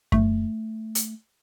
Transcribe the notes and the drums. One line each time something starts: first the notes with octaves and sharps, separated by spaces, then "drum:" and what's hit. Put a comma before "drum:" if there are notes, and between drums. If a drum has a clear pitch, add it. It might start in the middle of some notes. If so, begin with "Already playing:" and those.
A3, drum: kick F#2
drum: hi-hat